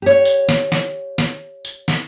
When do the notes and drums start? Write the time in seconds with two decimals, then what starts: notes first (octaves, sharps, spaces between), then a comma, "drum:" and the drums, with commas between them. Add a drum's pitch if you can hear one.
0.02 G4 C#5
0.25 drum: tambourine
0.49 drum: snare
0.72 drum: snare
1.18 drum: snare
1.65 drum: tambourine
1.88 drum: snare